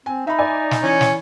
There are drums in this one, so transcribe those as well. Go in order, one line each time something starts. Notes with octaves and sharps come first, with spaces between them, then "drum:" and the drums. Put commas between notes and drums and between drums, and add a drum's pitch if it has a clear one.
C4 G#5
D#4 E5 B5
D5 G#5
drum: snare
E3 C#4
drum: snare